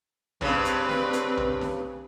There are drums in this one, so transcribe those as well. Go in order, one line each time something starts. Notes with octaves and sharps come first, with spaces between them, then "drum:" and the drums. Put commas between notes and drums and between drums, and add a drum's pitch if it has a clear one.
G2 C#3 C4 B4, drum: tom B1
drum: hi-hat
drum: snare
drum: hi-hat
drum: tom B1
drum: snare